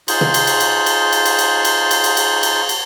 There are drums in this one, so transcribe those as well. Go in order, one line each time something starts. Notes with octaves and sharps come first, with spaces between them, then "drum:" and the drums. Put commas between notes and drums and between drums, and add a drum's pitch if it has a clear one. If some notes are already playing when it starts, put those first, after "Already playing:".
D#4 F4 G#4 C5, drum: cymbal
drum: tom
drum: cymbal
drum: cymbal
drum: cymbal
drum: cymbal
drum: cymbal
drum: cymbal
drum: cymbal
drum: cymbal
drum: cymbal
drum: cymbal
drum: cymbal
drum: cymbal
drum: cymbal